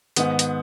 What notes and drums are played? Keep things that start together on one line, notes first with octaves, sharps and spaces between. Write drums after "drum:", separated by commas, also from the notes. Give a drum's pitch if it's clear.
G#2 D#3 B3, drum: hi-hat
drum: hi-hat